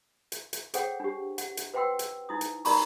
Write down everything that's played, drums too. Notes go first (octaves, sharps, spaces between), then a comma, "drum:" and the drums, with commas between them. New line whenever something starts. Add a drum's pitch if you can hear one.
drum: hi-hat
drum: hi-hat
G#4 A4 C5 C#5 F#5 G5, drum: hi-hat
D4 G4
F#5, drum: hi-hat
drum: hi-hat
B4 C5 F#5 G5 C6 E6
drum: hi-hat
D#4 E4 D#6
drum: hi-hat
D#4 A#4 D5 A#5 B5 C#6, drum: open hi-hat